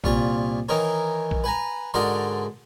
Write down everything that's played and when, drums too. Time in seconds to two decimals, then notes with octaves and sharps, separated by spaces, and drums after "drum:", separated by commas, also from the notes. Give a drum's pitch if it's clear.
0.04 C2 A#2 F4 C#6, drum: kick A#1
0.69 D#3 E3 D#4 A#4 C#5
1.31 drum: kick A#1
1.44 B4 G#5 A#5
1.94 G#2 D3 D#4 F#4 A#4 C6